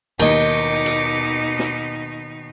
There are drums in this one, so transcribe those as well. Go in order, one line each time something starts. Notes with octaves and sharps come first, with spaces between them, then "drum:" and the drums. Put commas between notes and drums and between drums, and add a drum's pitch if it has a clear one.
D#2 B2 D#4 A#4 D#5 D6 C#7, drum: cymbal
drum: hi-hat
drum: snare